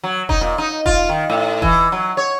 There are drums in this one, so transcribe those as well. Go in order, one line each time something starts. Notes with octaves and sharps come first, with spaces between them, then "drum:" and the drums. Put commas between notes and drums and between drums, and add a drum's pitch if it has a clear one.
F#3
D#4, drum: kick E1
A#2
D#4
F4, drum: kick E1
D#3
A2
E3, drum: kick E1
F#3
C#5